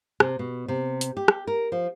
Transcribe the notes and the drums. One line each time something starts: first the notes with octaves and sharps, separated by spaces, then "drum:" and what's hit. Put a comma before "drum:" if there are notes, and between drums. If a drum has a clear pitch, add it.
C3, drum: rim click
B2
C3
drum: hi-hat
G4
drum: rim click
A#4
F3